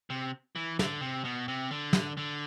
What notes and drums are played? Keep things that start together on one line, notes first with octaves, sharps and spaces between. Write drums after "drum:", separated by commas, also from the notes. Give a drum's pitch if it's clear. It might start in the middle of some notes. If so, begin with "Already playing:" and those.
C3
E3
D3, drum: snare
C3
B2
C3
D3
drum: snare
D3